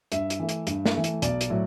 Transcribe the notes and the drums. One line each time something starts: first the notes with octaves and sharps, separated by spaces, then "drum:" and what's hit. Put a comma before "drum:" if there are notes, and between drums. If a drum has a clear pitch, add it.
G2 E5, drum: hi-hat
drum: hi-hat
E3 A3
drum: hi-hat
G2, drum: hi-hat
drum: snare
E3 A3
drum: hi-hat
B1 D5, drum: hi-hat
drum: hi-hat
A2 F#3